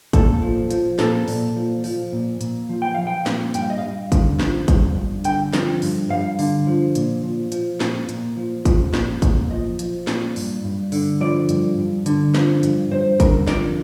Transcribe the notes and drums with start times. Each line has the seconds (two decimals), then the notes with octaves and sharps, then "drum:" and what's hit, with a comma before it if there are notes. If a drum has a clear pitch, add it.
0.13 A#2 A4, drum: kick, hi-hat
0.42 F3
0.71 F3, drum: hi-hat
0.99 A#2 A4, drum: snare
1.28 A#2, drum: open hi-hat
1.56 F3
1.84 F3, drum: open hi-hat
2.13 A#2
2.41 A#2, drum: hi-hat
2.69 F3
2.82 G5
2.95 F3 F5
3.07 G5
3.26 A#2, drum: snare
3.54 G2 G5, drum: hi-hat
3.62 F5
3.70 D#5
3.78 G2 F5
4.12 D3, drum: kick, hi-hat
4.40 F3, drum: snare
4.68 G2, drum: kick, hi-hat
4.97 G2
5.24 D3 G5, drum: hi-hat
5.53 F3, drum: snare
5.82 G2, drum: open hi-hat
6.10 G2 F5
6.39 D3, drum: open hi-hat
6.67 F3
6.95 A#2, drum: hi-hat
7.23 F3
7.52 F3, drum: hi-hat
7.80 A#2, drum: snare
8.09 A#2, drum: hi-hat
8.37 F3
8.65 F3, drum: kick, hi-hat
8.94 A#2, drum: snare
9.22 A#2, drum: kick, hi-hat
9.50 F3 D#5
9.79 F3, drum: hi-hat
10.07 A#2, drum: snare
10.36 G2, drum: open hi-hat
10.64 G2
10.92 D3, drum: open hi-hat
11.21 F3 D5
11.49 G2, drum: hi-hat
11.78 G2
12.06 D3, drum: hi-hat
12.35 F3, drum: snare
12.63 G2, drum: hi-hat
12.91 G2 C5
13.20 D3 A#4, drum: kick, hi-hat
13.47 F3 D5, drum: snare